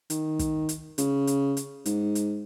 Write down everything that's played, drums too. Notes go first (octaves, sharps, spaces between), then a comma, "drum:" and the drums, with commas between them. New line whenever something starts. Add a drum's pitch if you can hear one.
D#3, drum: hi-hat
drum: kick, hi-hat
drum: hi-hat
C#3, drum: hi-hat
drum: hi-hat
drum: hi-hat
G#2, drum: hi-hat
drum: hi-hat